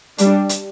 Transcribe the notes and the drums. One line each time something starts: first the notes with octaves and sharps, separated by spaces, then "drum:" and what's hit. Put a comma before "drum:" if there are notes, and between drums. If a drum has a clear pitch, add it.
G3 D4, drum: hi-hat
drum: hi-hat